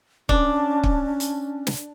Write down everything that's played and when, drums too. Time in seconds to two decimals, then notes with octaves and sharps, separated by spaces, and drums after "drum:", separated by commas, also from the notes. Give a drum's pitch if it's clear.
0.29 C#4 D4, drum: kick
0.83 drum: kick
1.20 drum: hi-hat
1.67 drum: snare